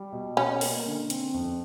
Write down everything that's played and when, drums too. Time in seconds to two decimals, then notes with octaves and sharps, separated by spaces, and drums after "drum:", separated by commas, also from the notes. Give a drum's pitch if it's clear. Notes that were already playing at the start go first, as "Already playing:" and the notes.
Already playing: G3
0.12 B2
0.37 B2 C#4
0.61 A#3, drum: open hi-hat
0.86 D3
1.10 C4, drum: hi-hat
1.34 F2